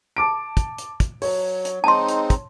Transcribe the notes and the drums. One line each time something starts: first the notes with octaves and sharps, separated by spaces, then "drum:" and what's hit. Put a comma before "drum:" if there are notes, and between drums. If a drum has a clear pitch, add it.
A5 D6 D7
drum: kick, hi-hat
drum: hi-hat
drum: kick, hi-hat
F#3 C#5, drum: open hi-hat
drum: hi-hat
G#3 C4 D#4 A5 C6
drum: hi-hat
drum: kick, hi-hat